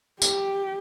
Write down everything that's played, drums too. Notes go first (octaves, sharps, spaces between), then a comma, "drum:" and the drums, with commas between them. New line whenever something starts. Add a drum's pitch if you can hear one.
G4, drum: tambourine